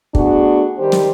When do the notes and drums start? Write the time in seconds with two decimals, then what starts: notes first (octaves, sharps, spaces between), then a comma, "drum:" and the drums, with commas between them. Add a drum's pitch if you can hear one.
0.15 A3 B3 D4 F#4 G#4, drum: kick
0.78 D#3 G3 G4 C5
0.92 drum: snare